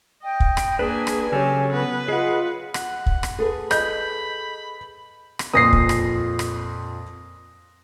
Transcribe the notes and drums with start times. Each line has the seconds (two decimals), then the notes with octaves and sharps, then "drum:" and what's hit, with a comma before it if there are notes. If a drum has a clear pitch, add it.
0.24 D#5 G5
0.40 drum: kick
0.57 drum: rim click
0.79 A#3 D4 G#4 B4 G#5
1.07 drum: rim click
1.32 C#3 F#3 C#4 G4 A4 G#5
1.72 B3 B4
2.08 F4 G#4 D#5 F#5
2.74 F#5, drum: rim click
3.06 drum: kick
3.23 drum: rim click
3.38 G#4 A4 B4
3.71 D#5 B5 G6, drum: rim click
5.39 drum: rim click
5.53 F2 A#2 F3 D#6 A#6 C7
5.72 drum: kick
5.89 drum: rim click
6.39 drum: rim click